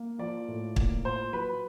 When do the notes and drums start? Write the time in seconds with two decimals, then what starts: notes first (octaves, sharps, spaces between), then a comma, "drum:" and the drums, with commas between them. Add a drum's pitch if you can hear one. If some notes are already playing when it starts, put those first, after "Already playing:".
Already playing: A#3
0.19 F3 D5
0.48 A2
0.76 A#3, drum: kick
1.04 A#2 C5
1.33 F#3 B4